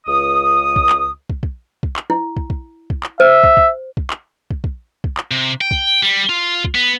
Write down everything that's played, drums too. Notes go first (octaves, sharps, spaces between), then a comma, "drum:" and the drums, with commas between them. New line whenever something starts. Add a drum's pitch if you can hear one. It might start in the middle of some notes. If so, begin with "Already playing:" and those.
C#2 D#6
drum: kick
drum: clap
drum: kick
drum: kick
drum: kick
drum: clap
E4
drum: kick
drum: kick
drum: kick
drum: clap
C5 E5
drum: kick
drum: kick
drum: kick
drum: clap
drum: kick
drum: kick
drum: kick
drum: clap
C3
G5
drum: kick
G3
F4
drum: kick
B3